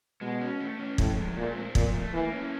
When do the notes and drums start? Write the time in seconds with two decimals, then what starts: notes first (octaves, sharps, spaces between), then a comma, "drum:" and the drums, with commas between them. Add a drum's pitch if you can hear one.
0.21 B2 G#3
0.41 C#4
0.60 A3
0.79 C#4
0.98 A2 F3, drum: kick
1.18 G#3
1.37 A#2 A3
1.57 C4
1.75 A#2 F3, drum: kick
1.94 A3
2.13 E3 A#3
2.32 C#4